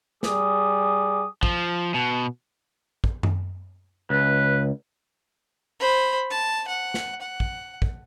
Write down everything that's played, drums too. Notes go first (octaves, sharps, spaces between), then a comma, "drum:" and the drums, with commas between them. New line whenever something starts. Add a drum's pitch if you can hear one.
G3 G#4 D6 D#6, drum: snare
F3, drum: kick
B2
drum: kick
drum: tom F#2
C#2 B4
C5 B5
A5
F#5
drum: snare
F#5
drum: kick
drum: kick